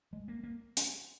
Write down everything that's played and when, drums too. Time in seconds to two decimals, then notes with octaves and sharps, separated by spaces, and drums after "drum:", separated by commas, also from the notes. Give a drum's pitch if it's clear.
0.13 G#3
0.28 A#3
0.43 A#3
0.77 drum: hi-hat